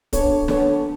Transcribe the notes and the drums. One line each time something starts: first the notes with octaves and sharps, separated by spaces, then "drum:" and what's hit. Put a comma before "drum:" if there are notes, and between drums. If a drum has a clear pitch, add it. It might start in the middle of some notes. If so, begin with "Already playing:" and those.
B3 D4 A4 C#5, drum: kick, hi-hat
B3 D4 A4 C#5, drum: snare